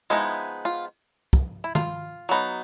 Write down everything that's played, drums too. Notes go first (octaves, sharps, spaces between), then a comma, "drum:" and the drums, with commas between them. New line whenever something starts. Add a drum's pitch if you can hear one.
F3 G#3 B3 D#4 E4
F4
drum: kick
E4
F4, drum: tom
F#3 B3 D#4